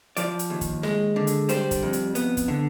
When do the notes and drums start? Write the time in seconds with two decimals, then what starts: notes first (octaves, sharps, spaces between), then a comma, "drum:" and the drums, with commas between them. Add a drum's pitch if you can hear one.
0.17 F3 D5, drum: hi-hat
0.39 drum: hi-hat
0.50 D#2
0.61 drum: kick, hi-hat
0.83 G#3, drum: snare
1.16 D3
1.27 drum: hi-hat
1.49 G3 C5, drum: hi-hat
1.71 drum: kick, hi-hat
1.83 F2
1.93 drum: hi-hat
2.15 B3, drum: hi-hat
2.37 drum: kick, hi-hat
2.48 D3